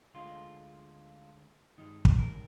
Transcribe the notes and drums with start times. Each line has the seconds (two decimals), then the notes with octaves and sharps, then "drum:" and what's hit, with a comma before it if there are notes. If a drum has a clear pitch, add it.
0.14 D2 D3 G#3 F4
1.78 G2 D#3 G#3 D#4
2.05 drum: kick
2.18 A#4